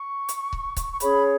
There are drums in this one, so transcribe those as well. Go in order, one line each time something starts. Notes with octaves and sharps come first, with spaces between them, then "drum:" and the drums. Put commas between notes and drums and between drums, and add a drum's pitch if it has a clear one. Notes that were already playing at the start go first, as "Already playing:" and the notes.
Already playing: C#6
drum: hi-hat
drum: kick C#1
drum: kick C#1, hi-hat
C#6
C#4 G#4 C#5 B5, drum: hi-hat